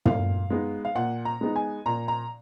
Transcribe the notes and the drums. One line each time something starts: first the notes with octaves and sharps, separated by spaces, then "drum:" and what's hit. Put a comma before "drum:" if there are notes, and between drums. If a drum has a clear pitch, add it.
A#2 F5, drum: tom
G#3 B3 D#4
F5
A#2 F#5
A#5
G#3 B3 D#4
G#5
A#2 A#5
A#5